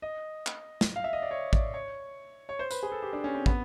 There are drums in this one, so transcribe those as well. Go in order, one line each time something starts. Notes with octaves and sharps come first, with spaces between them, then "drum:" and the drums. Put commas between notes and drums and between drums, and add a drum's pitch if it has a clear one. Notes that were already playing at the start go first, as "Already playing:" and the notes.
D#5
drum: clap
drum: snare
F5
E5
D#5
D5
C#5
D5, drum: kick
C#5
C#5
C5
B4, drum: tambourine
G#4
A4
G4
D4
C#4
C4
B3, drum: kick